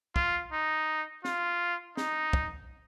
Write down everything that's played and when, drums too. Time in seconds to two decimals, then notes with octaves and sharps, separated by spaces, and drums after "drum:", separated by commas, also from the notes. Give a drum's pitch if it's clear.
0.16 F4, drum: kick
0.53 D#4
1.25 F4, drum: snare
1.97 D#4, drum: snare
2.33 drum: kick